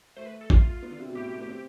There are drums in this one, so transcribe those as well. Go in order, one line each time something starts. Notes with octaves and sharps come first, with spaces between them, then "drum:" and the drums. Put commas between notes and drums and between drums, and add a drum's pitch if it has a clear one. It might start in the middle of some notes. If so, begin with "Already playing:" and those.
A3 C5
B4
A4
F4, drum: kick
B3
D3
C3
B2
A2 G4
B2
A3
B3
C4